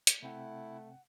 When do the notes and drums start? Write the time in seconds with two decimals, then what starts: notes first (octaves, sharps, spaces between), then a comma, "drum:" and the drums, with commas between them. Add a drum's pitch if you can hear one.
0.07 drum: hi-hat
0.22 C3 A3 C4 E4 F#5 G5